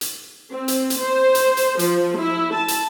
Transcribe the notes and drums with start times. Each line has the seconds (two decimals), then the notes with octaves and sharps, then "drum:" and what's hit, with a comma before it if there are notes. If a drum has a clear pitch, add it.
0.01 drum: hi-hat
0.52 C4
0.68 drum: hi-hat
0.90 drum: hi-hat
0.99 C5
1.35 drum: hi-hat
1.57 drum: hi-hat
1.79 F3, drum: hi-hat
2.17 E4
2.54 A5
2.68 drum: hi-hat